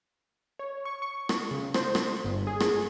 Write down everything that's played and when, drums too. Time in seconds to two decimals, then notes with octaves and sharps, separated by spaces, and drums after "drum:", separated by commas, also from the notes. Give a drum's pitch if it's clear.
0.59 C#5
0.85 C#6
1.02 C#6
1.29 drum: rim click
1.51 C#3
1.74 C5, drum: rim click
1.95 drum: rim click
2.24 G1
2.47 G#4
2.60 drum: rim click